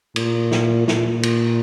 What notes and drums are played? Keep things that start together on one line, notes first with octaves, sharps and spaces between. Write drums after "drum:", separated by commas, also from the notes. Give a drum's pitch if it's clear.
A#2, drum: cymbal
drum: snare
A#2, drum: snare
drum: cymbal